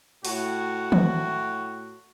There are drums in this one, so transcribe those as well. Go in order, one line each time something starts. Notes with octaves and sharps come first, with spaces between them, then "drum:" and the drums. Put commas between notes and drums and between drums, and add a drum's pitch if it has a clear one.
A2 F#4, drum: open hi-hat
drum: tom D#3